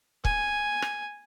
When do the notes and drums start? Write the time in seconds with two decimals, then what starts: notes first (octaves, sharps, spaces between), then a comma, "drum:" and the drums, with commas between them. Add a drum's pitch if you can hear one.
0.25 G#5, drum: kick
0.82 drum: rim click